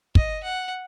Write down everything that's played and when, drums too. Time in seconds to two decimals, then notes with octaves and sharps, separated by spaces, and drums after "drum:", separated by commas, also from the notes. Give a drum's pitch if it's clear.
0.15 D#5, drum: kick
0.44 F#5